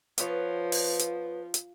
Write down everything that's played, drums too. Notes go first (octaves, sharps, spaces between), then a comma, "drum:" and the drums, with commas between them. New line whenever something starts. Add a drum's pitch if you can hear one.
F3 B3 B4 C#5, drum: hi-hat
drum: open hi-hat
drum: hi-hat
drum: hi-hat